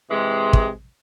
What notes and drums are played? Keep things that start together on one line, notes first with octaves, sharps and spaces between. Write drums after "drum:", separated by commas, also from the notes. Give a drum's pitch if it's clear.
C3 E3 G#3
drum: kick